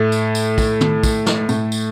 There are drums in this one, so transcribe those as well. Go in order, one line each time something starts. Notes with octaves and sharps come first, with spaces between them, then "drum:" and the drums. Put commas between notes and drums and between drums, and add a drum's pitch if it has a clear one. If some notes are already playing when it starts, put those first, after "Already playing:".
Already playing: A2 A3
drum: tambourine
drum: tambourine
drum: kick, tambourine
drum: tom
drum: kick, tambourine
drum: snare
A2 A3, drum: tambourine
drum: tambourine